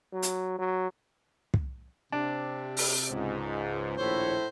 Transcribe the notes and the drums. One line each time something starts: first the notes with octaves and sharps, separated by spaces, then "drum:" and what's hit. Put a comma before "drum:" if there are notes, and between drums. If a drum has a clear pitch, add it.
F#3
drum: hi-hat
F#3
drum: kick
C3 D4
drum: open hi-hat
C#2 G#2
A#1 D#2 A2 E4 C5 C#5